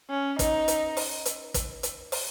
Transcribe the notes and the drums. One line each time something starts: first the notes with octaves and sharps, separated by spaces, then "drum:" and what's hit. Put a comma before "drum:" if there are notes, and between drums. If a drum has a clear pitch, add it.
C#4
D#4, drum: kick, hi-hat
drum: hi-hat
drum: open hi-hat
drum: hi-hat
drum: kick, hi-hat
drum: hi-hat
drum: open hi-hat